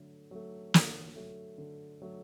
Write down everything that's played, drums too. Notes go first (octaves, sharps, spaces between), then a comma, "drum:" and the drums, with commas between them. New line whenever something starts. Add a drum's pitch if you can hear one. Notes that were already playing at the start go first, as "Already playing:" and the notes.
Already playing: D3 F#3 A3
F#3 A3
D3, drum: snare
F#3 A3
D3
F#3 A3